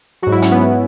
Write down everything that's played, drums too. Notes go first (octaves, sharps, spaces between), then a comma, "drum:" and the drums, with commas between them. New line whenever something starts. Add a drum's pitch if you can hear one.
G#2 F#3 F#4
E4
C#4, drum: hi-hat
B3
B3